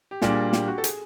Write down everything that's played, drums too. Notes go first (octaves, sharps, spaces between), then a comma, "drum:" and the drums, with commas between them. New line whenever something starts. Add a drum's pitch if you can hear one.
G4
A#2 G3 A#3 D4 G#4, drum: snare
G4, drum: snare
F#4
A4
G#4, drum: hi-hat